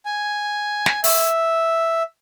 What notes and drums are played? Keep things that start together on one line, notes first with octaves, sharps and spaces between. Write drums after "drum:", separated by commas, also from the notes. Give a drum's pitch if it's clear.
G#5
drum: snare
E5, drum: open hi-hat